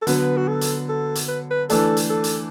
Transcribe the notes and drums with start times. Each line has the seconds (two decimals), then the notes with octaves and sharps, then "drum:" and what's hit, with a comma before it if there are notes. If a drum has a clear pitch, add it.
0.02 A4
0.07 D3 F#3 B3 B4, drum: hi-hat
0.37 F#4
0.48 A4
0.61 drum: hi-hat
0.89 A4
1.15 drum: hi-hat
1.29 B4
1.51 B4
1.69 E3 A3 D4 A4, drum: hi-hat
1.97 drum: hi-hat
2.10 A4
2.24 drum: hi-hat